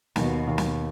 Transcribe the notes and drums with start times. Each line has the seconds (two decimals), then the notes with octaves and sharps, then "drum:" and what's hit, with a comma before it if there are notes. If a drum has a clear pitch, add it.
0.16 D#2 B2, drum: snare
0.47 D#2
0.58 drum: snare